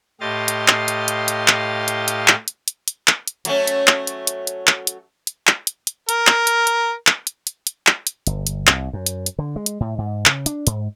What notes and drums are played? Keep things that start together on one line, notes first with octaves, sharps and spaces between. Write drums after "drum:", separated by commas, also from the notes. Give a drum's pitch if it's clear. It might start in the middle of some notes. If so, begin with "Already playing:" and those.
A2 G4 D#5 F5 C6 A6
drum: hi-hat
drum: clap
drum: hi-hat
drum: hi-hat
drum: hi-hat
drum: clap
drum: hi-hat
drum: hi-hat
drum: clap
drum: hi-hat
drum: hi-hat
drum: hi-hat
drum: clap
drum: hi-hat
F#3 A3 C#4, drum: hi-hat
drum: hi-hat
drum: clap
drum: hi-hat
drum: hi-hat
drum: hi-hat
drum: clap
drum: hi-hat
drum: hi-hat
drum: clap
drum: hi-hat
drum: hi-hat
A#4, drum: hi-hat
drum: clap
drum: hi-hat
drum: hi-hat
drum: clap
drum: hi-hat
drum: hi-hat
drum: hi-hat
drum: clap
drum: hi-hat
G1, drum: hi-hat
drum: hi-hat
C2, drum: clap
F#2
drum: hi-hat
drum: hi-hat
D3
G#3
drum: hi-hat
A2
G#2
C#3, drum: clap
D4, drum: hi-hat
G#2, drum: hi-hat